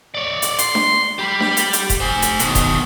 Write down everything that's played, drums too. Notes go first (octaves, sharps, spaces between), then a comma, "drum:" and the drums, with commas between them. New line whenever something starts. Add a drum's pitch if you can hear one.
C#5 D5
drum: hi-hat
C6, drum: hi-hat
drum: snare D4
G4 B5
drum: snare D4
drum: hi-hat
drum: hi-hat
drum: kick D#1, hi-hat
C5 G#5
drum: hi-hat
B2 D#3, drum: hi-hat
drum: kick D#1, hi-hat